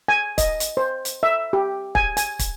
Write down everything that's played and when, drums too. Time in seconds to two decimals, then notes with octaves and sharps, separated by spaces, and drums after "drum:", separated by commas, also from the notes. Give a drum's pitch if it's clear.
0.08 G#5
0.38 D#5, drum: kick, hi-hat
0.60 drum: hi-hat
0.77 C5
1.05 drum: hi-hat
1.23 E5
1.53 G4
1.95 G#5, drum: kick
2.17 G#5, drum: hi-hat
2.39 drum: kick, hi-hat